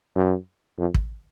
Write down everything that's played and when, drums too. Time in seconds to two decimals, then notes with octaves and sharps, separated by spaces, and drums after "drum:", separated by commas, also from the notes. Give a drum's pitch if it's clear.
0.16 F#2
0.78 F2
0.94 drum: kick